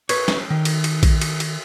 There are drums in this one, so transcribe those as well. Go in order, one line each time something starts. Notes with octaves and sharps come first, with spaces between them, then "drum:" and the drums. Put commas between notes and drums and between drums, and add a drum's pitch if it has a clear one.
B4 C#5, drum: cymbal
drum: snare
D#3
drum: cymbal
drum: cymbal
drum: kick A#1, cymbal
drum: cymbal
drum: cymbal